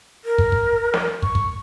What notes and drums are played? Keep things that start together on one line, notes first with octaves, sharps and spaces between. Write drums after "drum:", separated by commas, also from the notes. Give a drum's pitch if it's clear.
A#4
drum: kick
drum: kick
drum: snare
C#6, drum: kick
drum: kick